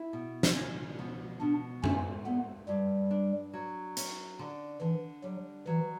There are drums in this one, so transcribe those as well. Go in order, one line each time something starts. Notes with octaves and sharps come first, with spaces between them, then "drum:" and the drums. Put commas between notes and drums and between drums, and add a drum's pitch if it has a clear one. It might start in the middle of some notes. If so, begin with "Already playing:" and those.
Already playing: E4
B2
drum: snare
C#4
B2
B2 D4
A3 C#4, drum: tom F#2
A3 B3
G2 G3
D4
F#3
C#4, drum: hi-hat
D3
D3 E3
F#3 G3
E3 F#3